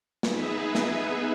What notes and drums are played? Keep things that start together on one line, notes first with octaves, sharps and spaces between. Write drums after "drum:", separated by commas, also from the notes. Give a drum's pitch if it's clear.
B3 D#4 G#4 B4 E5, drum: snare
drum: snare